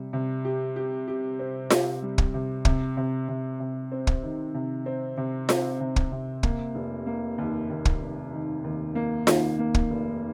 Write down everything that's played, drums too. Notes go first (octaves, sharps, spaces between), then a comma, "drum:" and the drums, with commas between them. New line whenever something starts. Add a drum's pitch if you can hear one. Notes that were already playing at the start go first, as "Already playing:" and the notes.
Already playing: C3 G3
C3
G4
G4
G4
C4
G4, drum: snare F4
G3
drum: kick
C3
C3, drum: kick
C3
C3
C3
C4
drum: kick
D#3
C3
C4
C3
C4, drum: snare F4
C3
drum: kick
C3
A#3, drum: kick
F1
A#3
D#2
D#2
drum: kick
F1
D#3
D#2
A#3
D#3, drum: snare F4
A#3
drum: kick
F1